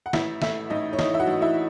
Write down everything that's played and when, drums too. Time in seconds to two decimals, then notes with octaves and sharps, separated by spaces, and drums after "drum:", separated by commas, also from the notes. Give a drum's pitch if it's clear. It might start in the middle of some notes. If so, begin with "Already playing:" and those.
0.06 F#5
0.13 A1 E4 E5, drum: snare
0.42 A2 E4 E5, drum: snare
0.70 A1 D#4 D#5
0.93 C#5
0.99 E3 D#4 D#5, drum: snare
1.14 E5
1.20 F#4 F#5
1.27 A1
1.41 E4 E5